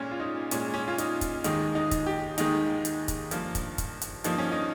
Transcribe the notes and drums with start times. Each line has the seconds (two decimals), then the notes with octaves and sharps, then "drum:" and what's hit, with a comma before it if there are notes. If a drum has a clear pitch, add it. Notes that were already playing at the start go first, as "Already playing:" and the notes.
Already playing: A#2 G#3 C#4
0.11 F4
0.20 D#4
0.51 A#2 G#3 C#4, drum: hi-hat
0.74 C#4
0.88 F4
0.98 D#4, drum: hi-hat
1.21 drum: kick, hi-hat
1.44 D#2 D#3 G#3 D#4, drum: hi-hat
1.75 D#4
1.91 drum: kick, hi-hat
2.06 G4
2.38 D#2 D#3 G#3 D#4, drum: hi-hat
2.85 drum: hi-hat
3.08 drum: kick, hi-hat
3.31 G2 F3 A#3, drum: hi-hat
3.55 drum: kick, hi-hat
3.78 drum: kick, hi-hat
4.01 drum: hi-hat
4.24 G2 F3 A#3 D#4, drum: hi-hat
4.38 C#4
4.52 D#4